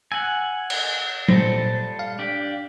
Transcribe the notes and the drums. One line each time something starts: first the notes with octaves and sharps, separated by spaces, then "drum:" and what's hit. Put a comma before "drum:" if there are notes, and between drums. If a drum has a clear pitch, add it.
F#5 G#5 E6
drum: cymbal
A#2 G3 A4 C5 A#6, drum: tom
F5
D4 G4